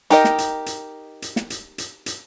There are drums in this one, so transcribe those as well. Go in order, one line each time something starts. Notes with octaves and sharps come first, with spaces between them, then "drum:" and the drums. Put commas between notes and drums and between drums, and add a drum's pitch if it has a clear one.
D#4 G4 A#4 D#5, drum: hi-hat
drum: snare
drum: hi-hat
drum: hi-hat
drum: hi-hat
drum: snare
drum: hi-hat
drum: hi-hat
drum: hi-hat